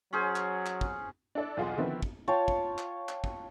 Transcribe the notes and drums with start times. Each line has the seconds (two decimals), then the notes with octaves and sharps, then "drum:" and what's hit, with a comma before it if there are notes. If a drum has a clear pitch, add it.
0.13 F#3 C#4 G#4 C5
0.36 drum: clap
0.66 drum: clap
0.81 drum: kick
1.35 D4 E4 A4 D5
1.57 B1 E2 F4 G#4 F#5 C6
1.78 D3 D#3 F3 B3 C4 E4
2.02 drum: kick
2.28 F4 C#5 G5 A5
2.48 drum: kick
2.78 drum: clap
3.09 drum: clap
3.24 drum: kick